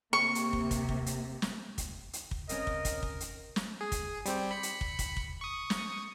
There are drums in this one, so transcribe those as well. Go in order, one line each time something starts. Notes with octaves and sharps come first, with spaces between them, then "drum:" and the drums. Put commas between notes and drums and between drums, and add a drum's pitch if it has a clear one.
C3 A#3 C#6
drum: hi-hat
drum: kick
drum: kick, hi-hat
drum: kick
drum: hi-hat
drum: snare
drum: kick, hi-hat
drum: hi-hat
drum: kick
C#3 C4 C#4 A#4 D#5, drum: hi-hat
drum: kick
drum: kick, hi-hat
drum: kick
drum: hi-hat
drum: snare
G#4
drum: kick, hi-hat
G3 C4 G4, drum: hi-hat
B5 C#7
drum: hi-hat
drum: kick
drum: kick, hi-hat
drum: kick
C#6 D#6
drum: snare